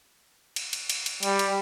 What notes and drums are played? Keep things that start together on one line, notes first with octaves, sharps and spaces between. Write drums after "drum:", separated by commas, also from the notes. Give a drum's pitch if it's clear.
drum: cymbal
drum: cymbal
drum: cymbal
drum: cymbal
G3, drum: cymbal
drum: cymbal